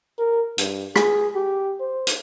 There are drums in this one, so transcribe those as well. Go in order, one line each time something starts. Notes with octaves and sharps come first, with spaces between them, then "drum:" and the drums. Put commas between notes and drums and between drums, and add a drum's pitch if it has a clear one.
A#4
G2, drum: hi-hat
G#4, drum: rim click
G4
C5
drum: hi-hat